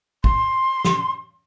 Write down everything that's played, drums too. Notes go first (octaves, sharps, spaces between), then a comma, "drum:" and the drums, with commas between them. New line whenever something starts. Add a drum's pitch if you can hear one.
C6, drum: kick
drum: snare